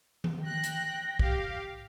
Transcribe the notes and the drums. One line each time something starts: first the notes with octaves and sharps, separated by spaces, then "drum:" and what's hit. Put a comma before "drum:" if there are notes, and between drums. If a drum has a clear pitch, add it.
drum: tom D#3
G5 F#6 A#6
drum: hi-hat
G4 F5, drum: kick